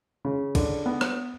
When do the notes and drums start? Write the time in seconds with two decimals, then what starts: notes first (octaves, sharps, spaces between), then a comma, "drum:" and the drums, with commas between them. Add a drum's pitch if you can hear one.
0.25 C#3
0.55 D3, drum: kick, cymbal
0.86 B3
1.01 drum: rim click